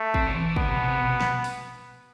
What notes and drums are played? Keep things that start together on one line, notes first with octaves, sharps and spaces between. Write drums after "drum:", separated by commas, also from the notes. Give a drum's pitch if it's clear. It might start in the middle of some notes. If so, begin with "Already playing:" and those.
Already playing: A3
C4, drum: kick
D3
E3
D3 B3, drum: kick
C3
B2
C3
B2
drum: snare
drum: open hi-hat